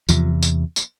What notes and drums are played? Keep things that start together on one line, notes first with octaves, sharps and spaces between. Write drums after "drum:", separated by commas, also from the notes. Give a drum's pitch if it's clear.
E2 C3 F3, drum: tambourine
drum: tambourine
drum: tambourine